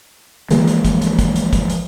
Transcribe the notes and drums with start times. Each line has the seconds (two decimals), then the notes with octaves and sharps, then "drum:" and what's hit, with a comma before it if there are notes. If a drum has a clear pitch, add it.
0.51 E3 F3 G#3 A#3, drum: hi-hat
0.68 drum: hi-hat
0.85 drum: kick, hi-hat
1.02 drum: hi-hat
1.19 drum: kick, hi-hat
1.36 drum: hi-hat
1.53 drum: kick, hi-hat
1.70 drum: hi-hat